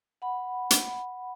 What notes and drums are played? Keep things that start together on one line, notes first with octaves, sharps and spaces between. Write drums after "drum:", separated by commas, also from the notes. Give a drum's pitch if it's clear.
F#5 B5
drum: hi-hat